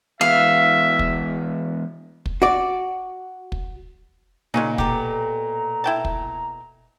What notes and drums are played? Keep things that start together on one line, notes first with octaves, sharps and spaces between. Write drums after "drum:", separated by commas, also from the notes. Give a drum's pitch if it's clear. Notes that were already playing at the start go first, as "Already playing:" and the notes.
E3 G#3 B3 E5 F5
drum: kick
drum: kick
F#4 D5
drum: kick
A#2 C#3 G#3 C#4 D#4
B2 G4 A4 A#5, drum: kick
E4 G5 A5
drum: kick